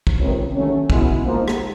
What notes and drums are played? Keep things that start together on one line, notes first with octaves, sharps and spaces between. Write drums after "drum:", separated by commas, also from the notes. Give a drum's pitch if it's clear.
drum: kick
C#2 C3 D#3
D#2 D#3 F#3 A3 C#4
C#2 B2 G#3 B3 E4, drum: kick
G#2 F3 A#3 D#4
drum: rim click